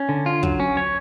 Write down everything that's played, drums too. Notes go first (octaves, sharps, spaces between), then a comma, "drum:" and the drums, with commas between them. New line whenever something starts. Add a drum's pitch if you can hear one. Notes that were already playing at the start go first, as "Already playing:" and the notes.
Already playing: C#4
D3
F4
F#3, drum: kick
C#4
C#5